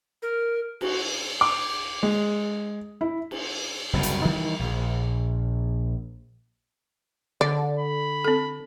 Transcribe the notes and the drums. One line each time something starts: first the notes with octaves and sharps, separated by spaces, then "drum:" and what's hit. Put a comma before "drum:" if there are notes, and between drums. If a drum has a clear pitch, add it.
A#4
F#4, drum: cymbal
D6
G#3
E4
drum: cymbal
F#1 C2 C#3
drum: hi-hat
D#3 E3 G3
A#1
D3 D5
B5
C4 A4